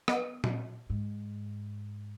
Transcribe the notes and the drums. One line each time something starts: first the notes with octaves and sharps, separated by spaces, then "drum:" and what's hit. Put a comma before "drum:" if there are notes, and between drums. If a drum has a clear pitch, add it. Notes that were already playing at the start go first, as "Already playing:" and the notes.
B3 D#5, drum: rim click
drum: tom A#2
G#2